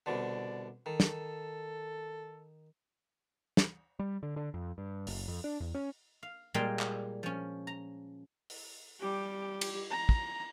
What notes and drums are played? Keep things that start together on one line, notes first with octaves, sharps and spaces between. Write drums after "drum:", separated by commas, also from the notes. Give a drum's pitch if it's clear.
C2 B2 D3 D5
D#3 A4
drum: snare
drum: snare
G3
D3
D3
F2
G2
F#1, drum: open hi-hat
F2
D4
E2
C#4
F5
A#2 G3 G#3 A#3 F5 G5
drum: clap
F3 C#4
A#5
drum: open hi-hat
G3 G4
drum: cymbal
A#5
drum: kick